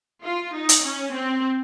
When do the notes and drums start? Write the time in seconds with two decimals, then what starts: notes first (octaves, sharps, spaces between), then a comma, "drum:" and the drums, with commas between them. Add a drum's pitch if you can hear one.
0.23 F4
0.54 D#4
0.69 drum: hi-hat
0.83 C#4
1.13 C4